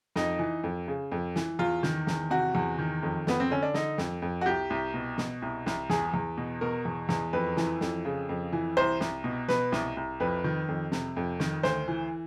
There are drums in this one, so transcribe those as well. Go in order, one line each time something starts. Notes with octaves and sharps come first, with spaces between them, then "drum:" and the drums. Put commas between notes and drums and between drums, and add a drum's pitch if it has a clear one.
F2 D#4, drum: snare
E3
F2
C#3
F2
E3, drum: snare
E2 F4
D#3, drum: snare
E2, drum: snare
C3 F#4
E2
D#3
F2
F2 B3, drum: snare
C4
D3 C#4
D4
D3 D#4, drum: snare
F2, drum: snare
F2
F#4
C2 G4
C2
B2
B2, drum: snare
C2
C2, drum: snare
E2 G#4, drum: snare
E2
B2
B2 A#4
E2
E2, drum: snare
F2 B4
E3, drum: snare
F2, drum: snare
C#3
F2
E3
C2 C5
C2, drum: snare
B2
B2 B4, drum: snare
C2, drum: snare
C2
F2 B4
D#3
F2
C3, drum: snare
F2
D#3, drum: snare
D2 C5, drum: snare
E3